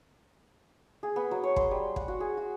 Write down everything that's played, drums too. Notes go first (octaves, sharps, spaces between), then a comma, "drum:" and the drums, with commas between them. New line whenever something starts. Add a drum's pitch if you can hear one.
G#4
B3
F#3
C#5
C6, drum: kick
G3
F#5, drum: kick
F#4
G#4
F#4